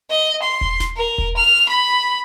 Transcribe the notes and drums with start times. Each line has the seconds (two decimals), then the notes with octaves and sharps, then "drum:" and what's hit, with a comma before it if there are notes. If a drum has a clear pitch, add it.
0.11 D#5
0.42 C6
0.61 drum: kick E1
0.80 drum: snare D#1
0.97 A#4
1.18 drum: kick E1
1.37 F6
1.69 B5